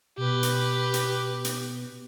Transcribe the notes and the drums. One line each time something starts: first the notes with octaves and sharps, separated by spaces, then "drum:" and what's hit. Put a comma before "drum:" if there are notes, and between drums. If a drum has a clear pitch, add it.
B2 G4 B4
drum: hi-hat
drum: hi-hat
drum: hi-hat